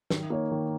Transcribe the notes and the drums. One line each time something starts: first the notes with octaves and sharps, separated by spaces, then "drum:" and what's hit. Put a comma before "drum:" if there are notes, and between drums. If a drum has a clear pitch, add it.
D#3, drum: snare
A#3 D#4 A#4 C#5
D#3